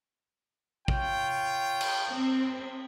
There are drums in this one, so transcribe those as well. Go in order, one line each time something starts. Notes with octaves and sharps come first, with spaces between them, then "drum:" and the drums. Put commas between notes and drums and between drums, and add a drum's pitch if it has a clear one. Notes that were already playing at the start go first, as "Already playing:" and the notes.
F4 C#5 G5, drum: kick
drum: cymbal
C4